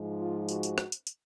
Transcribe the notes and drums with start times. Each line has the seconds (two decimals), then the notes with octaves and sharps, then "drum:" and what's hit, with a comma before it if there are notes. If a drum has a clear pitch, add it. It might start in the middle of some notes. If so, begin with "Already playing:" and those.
Already playing: G#2 F3 G#3
0.20 F4
0.49 F#4, drum: tambourine
0.63 drum: tambourine
0.78 drum: rim click
0.92 drum: tambourine
1.07 drum: tambourine